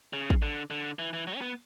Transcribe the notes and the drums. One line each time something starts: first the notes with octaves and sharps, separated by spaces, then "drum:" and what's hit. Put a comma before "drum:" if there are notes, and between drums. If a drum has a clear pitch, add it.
C#3
drum: kick
D3
D3
E3
E3
F#3
C#4
B3